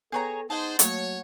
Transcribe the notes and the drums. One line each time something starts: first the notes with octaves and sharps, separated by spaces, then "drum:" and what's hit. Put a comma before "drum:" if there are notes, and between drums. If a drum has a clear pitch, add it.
B3 G#4 A4 B4 C#5 G5 A#5
D#4 G#4 C5 F#5 A5
F#3 A3 A#3 C#5, drum: hi-hat